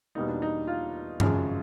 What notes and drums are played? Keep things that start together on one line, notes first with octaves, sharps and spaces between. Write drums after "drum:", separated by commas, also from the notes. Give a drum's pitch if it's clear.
E2 B2 G3 A#3 D#4
D4
D#4
F4
G#1 F#2 C#3 F3 G#3, drum: tom G2